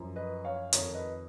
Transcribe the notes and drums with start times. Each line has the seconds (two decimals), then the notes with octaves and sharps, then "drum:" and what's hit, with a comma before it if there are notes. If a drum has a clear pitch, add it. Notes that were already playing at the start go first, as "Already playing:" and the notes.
Already playing: F#2 F3
0.16 B4 D#5
0.44 C#5 F5
0.73 F2 D#3 A#4 C#5, drum: hi-hat
0.94 B4 D#5